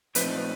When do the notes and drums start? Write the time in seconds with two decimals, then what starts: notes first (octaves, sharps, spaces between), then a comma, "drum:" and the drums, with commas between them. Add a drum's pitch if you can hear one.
0.15 A#2 F3 A3 C4 D#4 B4, drum: hi-hat